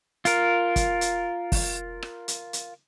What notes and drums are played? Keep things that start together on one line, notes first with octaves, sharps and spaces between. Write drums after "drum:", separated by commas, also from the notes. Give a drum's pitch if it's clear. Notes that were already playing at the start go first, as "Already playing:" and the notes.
F4 A#4, drum: hi-hat
drum: kick, hi-hat
drum: hi-hat
drum: kick, open hi-hat
drum: rim click
drum: hi-hat
drum: hi-hat